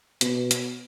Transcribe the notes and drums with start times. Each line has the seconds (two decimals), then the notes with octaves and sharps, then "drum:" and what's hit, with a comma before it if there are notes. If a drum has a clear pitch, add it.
0.21 B2, drum: hi-hat
0.51 drum: hi-hat